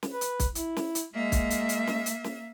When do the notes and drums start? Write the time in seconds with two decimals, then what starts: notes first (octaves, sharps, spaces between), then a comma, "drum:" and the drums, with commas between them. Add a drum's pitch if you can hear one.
0.03 drum: snare
0.12 B4
0.21 drum: hi-hat
0.40 drum: kick, hi-hat
0.55 E4, drum: hi-hat
0.76 drum: snare
0.95 drum: hi-hat
1.13 G#3 A#3 E5
1.32 drum: kick, hi-hat
1.50 drum: hi-hat
1.69 drum: hi-hat
1.87 drum: snare
2.06 drum: hi-hat
2.24 drum: snare